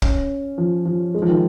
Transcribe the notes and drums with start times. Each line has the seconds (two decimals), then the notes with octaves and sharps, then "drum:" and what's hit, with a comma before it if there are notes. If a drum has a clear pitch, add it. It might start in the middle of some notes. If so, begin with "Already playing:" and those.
0.02 C#4, drum: kick
0.58 F3
0.85 F3
1.14 G#3
1.22 F3
1.29 D#3